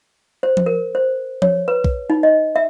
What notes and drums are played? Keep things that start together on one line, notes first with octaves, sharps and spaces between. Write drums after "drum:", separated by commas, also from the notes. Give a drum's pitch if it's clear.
C5
drum: tom F3
A#4
C5
C#5, drum: tom F3
B4
drum: kick B1
D#4
D#5
E5